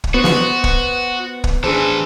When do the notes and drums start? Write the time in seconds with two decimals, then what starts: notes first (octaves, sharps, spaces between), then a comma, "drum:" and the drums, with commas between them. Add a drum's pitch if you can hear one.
0.04 drum: kick
0.14 B3 F#4 C5
0.24 drum: snare
0.64 drum: kick
1.44 drum: kick
1.64 E3 D4 G#4 A4 C5